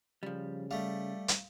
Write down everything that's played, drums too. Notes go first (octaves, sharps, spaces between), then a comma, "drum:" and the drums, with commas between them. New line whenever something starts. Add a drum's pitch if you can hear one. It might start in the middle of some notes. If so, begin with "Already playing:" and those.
C#3 F3 G3
G3 A3 F5
drum: hi-hat